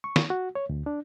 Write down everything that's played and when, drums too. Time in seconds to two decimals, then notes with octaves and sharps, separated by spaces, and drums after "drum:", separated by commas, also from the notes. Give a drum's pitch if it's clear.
0.04 C#6
0.16 drum: snare
0.30 F#4
0.55 C#5
0.69 D2
0.86 D4